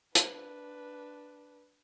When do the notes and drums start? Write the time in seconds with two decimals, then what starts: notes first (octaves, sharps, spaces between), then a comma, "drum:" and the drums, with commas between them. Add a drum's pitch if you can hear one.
0.15 D4 B4, drum: hi-hat